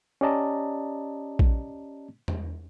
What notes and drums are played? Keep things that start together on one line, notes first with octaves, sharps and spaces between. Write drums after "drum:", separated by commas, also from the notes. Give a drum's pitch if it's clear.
C#4 G4 D5 D#5 A5 A#5
drum: kick A#1
drum: tom E2